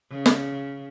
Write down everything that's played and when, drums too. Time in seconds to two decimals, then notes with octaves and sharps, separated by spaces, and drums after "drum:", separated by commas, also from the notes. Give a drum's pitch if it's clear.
0.11 C#3
0.26 drum: snare